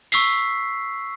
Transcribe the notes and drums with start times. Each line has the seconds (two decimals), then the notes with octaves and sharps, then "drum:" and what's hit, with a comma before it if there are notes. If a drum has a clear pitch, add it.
0.12 C#6 E6 B6 C7, drum: open hi-hat